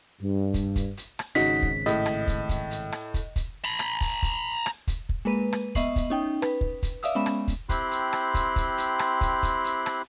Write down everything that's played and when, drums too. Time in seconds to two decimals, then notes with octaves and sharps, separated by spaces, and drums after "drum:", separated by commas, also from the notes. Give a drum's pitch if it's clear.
0.21 G2
0.54 drum: kick, hi-hat
0.76 drum: kick, hi-hat
0.97 drum: hi-hat
1.19 drum: rim click
1.35 G#1 C#3 D#4 F#4 B6
1.62 drum: kick
1.86 A2 D#5, drum: hi-hat
2.06 drum: rim click
2.27 drum: kick, hi-hat
2.49 drum: kick, hi-hat
2.71 drum: hi-hat
2.92 drum: rim click
3.14 drum: kick, hi-hat
3.36 drum: kick, hi-hat
3.65 A#5 B5
3.79 drum: rim click
4.01 drum: kick, hi-hat
4.22 drum: kick, hi-hat
4.66 drum: rim click
4.88 drum: kick, hi-hat
5.09 drum: kick
5.25 G#3 A#3 B4 D#7
5.53 drum: rim click
5.75 B3 D#5 E5 C#6 C7 F#7, drum: kick, hi-hat
5.96 drum: kick, hi-hat
6.10 C#4 D#4 G5
6.42 B4, drum: rim click
6.61 drum: kick
6.83 drum: kick, hi-hat
7.03 D5 E5 F5 D#6 E6, drum: hi-hat
7.15 G#3 B3 C#4 B5 E7
7.26 drum: rim click
7.48 drum: kick, hi-hat
7.69 C4 E4 G4 C6 F#6, drum: kick, hi-hat
7.91 drum: hi-hat
8.13 drum: rim click
8.34 drum: kick, hi-hat
8.56 drum: kick, hi-hat
8.78 drum: hi-hat
8.99 drum: rim click
9.21 drum: kick, hi-hat
9.43 drum: kick, hi-hat
9.64 drum: hi-hat
9.86 drum: rim click